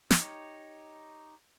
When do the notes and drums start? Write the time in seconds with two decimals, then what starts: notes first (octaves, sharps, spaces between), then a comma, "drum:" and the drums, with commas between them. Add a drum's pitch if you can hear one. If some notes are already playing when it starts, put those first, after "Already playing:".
0.11 D#4 G4 C#5, drum: snare